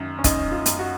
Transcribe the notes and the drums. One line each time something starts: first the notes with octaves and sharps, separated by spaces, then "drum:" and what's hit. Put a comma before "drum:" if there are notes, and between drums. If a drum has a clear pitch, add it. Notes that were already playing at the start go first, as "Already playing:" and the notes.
Already playing: F#2 D#3
C#4
F#2 D#4, drum: kick, hi-hat
F4
F#2, drum: hi-hat
F#4